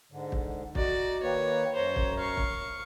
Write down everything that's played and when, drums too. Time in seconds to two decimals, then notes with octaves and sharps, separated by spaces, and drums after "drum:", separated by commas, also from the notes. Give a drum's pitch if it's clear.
0.12 G#2 D3
0.32 drum: kick
0.75 D#4 F#4 D5, drum: kick
1.23 D#3 A#3 B4 C#5
1.76 F#2 C5 C#5 A#5
1.96 drum: kick
2.20 F5 C#6
2.37 drum: kick